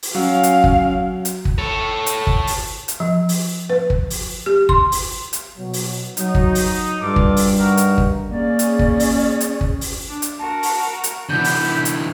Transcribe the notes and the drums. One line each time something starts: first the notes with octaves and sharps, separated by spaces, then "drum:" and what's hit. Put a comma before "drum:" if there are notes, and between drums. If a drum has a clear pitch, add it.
drum: open hi-hat
F#3 C#4 F5
drum: hi-hat
drum: kick
drum: hi-hat
drum: kick
A4 C#5
drum: hi-hat
drum: kick
drum: open hi-hat
drum: hi-hat
F3
drum: open hi-hat
B4
drum: kick
drum: open hi-hat
G4
C6, drum: kick
drum: open hi-hat
drum: hi-hat
B2 F#3
drum: open hi-hat
F#3 D#4, drum: hi-hat
drum: kick
drum: open hi-hat
G2 F4 A4 D6
drum: kick
drum: open hi-hat
D#4 F#4 A#4
drum: hi-hat
drum: kick
A#3 C#4 G#4 D5
drum: hi-hat
drum: kick
drum: open hi-hat
drum: hi-hat
drum: kick
drum: open hi-hat
D4
drum: hi-hat
F#4 A#4 A5
drum: open hi-hat
drum: hi-hat
D3 E3 B3 D4 G6
drum: open hi-hat
E4
drum: hi-hat